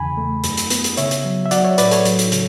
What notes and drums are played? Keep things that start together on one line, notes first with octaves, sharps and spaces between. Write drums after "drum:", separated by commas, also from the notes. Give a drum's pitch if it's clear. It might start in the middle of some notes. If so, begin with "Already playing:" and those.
Already playing: E2 C#3 G#5 B5
A3
F#2, drum: hi-hat
drum: hi-hat
B3, drum: hi-hat
drum: hi-hat
C#3 C#5 E5, drum: hi-hat
drum: hi-hat
F#3
E5
F#3 D5 F#5, drum: hi-hat
C#5 E5
A2 B4 D5, drum: hi-hat
A4 C#5, drum: hi-hat
F#3, drum: hi-hat
drum: hi-hat
C#3, drum: hi-hat